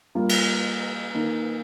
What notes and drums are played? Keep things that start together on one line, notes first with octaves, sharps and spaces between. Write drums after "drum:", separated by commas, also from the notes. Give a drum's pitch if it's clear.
G3 A#3 F4
drum: cymbal
D#3 A#3 D#4